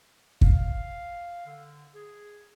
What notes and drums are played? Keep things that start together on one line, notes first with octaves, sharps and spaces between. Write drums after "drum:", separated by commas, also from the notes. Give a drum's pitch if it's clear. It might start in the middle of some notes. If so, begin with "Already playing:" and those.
F5, drum: kick
D3
G#4